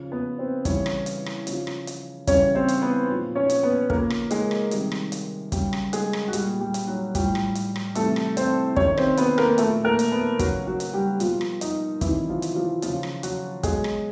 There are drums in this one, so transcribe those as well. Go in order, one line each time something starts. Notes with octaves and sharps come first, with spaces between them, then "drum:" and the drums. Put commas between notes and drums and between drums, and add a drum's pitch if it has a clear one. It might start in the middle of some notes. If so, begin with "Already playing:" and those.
Already playing: C#3 F3
B3 B4
C4 C5
C#3 E3 G3 C#4 C#5, drum: kick, hi-hat
drum: rim click
drum: hi-hat
drum: rim click
C#3 F3, drum: hi-hat
drum: rim click
drum: hi-hat
C#3 E3 G3 C#4 C#5, drum: kick, hi-hat
C4 C5
drum: hi-hat
B3 B4
A#2 F3
C#4 C#5
drum: hi-hat
B3 B4
C#3 F3 A#3 A#4, drum: kick
drum: rim click
G#3 G#4, drum: hi-hat
drum: rim click
C3 D#3 G3, drum: hi-hat
drum: rim click
drum: hi-hat
C#3 F#3 G3 G4, drum: kick, hi-hat
drum: rim click
G#3 G#4, drum: hi-hat
drum: rim click
F#4
A#2 G3 G4, drum: hi-hat
G3 G4
drum: hi-hat
F#3 F#4
A2 F3 G3 G4, drum: kick, hi-hat
drum: rim click
drum: hi-hat
drum: rim click
C3 E3 G3 A3 A4, drum: hi-hat
drum: rim click
C4 C5, drum: hi-hat
C3 D#3 F#3 C#4 C#5, drum: kick
C4 C5, drum: rim click
B3 B4, drum: hi-hat
A#3 A#4, drum: rim click
A#2 F#3 A3 A4, drum: hi-hat
A#3 A#4
drum: hi-hat
B3 B4
C#3 F#3 F#4, drum: kick, hi-hat
F#3 F#4
drum: hi-hat
G3 G4
B2 F3 G3 F4, drum: hi-hat
drum: rim click
D#4, drum: hi-hat
C3 D#3 E3 F#3 E4, drum: kick, hi-hat
F3 F4
drum: hi-hat
F3 F4
C#3 F3 F#3 F4, drum: hi-hat
drum: rim click
F#3 F#4, drum: hi-hat
B2 F#3 G#3 G#4, drum: kick, hi-hat
drum: rim click